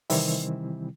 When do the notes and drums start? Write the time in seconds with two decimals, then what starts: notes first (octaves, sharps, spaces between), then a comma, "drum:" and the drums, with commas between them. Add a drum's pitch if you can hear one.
0.10 C3 D#3 E3 G3 C4 E4, drum: open hi-hat